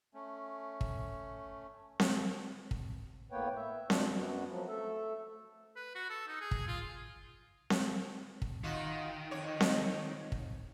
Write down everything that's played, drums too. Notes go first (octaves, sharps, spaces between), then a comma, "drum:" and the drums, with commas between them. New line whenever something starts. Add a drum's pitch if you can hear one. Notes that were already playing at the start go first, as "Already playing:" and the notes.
A3 C#4
drum: kick
drum: snare C4
drum: kick
A2 A#3 B3 B4 C#5 G5
E5
F#2 B2 D4 F4 D5, drum: snare C4
F#2 B3 F#4
F3 F#3
A3 A4 E5
B4
F#4
A4
D#4
G#4
drum: kick
F4
drum: snare C4
drum: kick
D#3 D#4 F4 F#4
F2 C#5
drum: snare C4
drum: kick